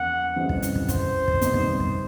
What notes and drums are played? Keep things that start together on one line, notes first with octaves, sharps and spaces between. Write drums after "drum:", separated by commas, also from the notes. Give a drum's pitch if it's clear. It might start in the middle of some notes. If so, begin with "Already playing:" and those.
Already playing: E2 C#3 F3 A#3 F#5
F2 C#3 E3 G3 C4
drum: kick
drum: hi-hat
drum: kick
C5, drum: kick, hi-hat
drum: kick
C3 D#3 G3 B3 D#4, drum: hi-hat
drum: kick
drum: kick